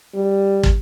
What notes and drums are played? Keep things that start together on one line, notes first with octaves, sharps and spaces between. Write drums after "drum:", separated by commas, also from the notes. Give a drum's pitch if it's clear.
G3
drum: kick